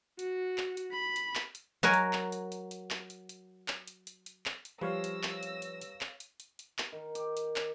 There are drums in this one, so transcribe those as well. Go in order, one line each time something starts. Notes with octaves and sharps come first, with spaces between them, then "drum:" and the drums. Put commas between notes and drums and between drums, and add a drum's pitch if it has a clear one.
F#4, drum: hi-hat
drum: clap
drum: hi-hat
B5
drum: hi-hat
drum: clap
drum: hi-hat
F#3 F#4 A#4 G#5
drum: hi-hat
drum: clap
drum: hi-hat
drum: hi-hat
drum: hi-hat
drum: clap
drum: hi-hat
drum: hi-hat
drum: clap
drum: hi-hat
drum: hi-hat
drum: hi-hat
drum: clap
drum: hi-hat
F3 G3 B4 C#5 F5 E6 A#6
drum: hi-hat
drum: clap
drum: hi-hat
drum: hi-hat
drum: hi-hat
drum: clap
drum: hi-hat
drum: hi-hat
drum: hi-hat
drum: clap
D#3
G4, drum: hi-hat
drum: hi-hat
drum: clap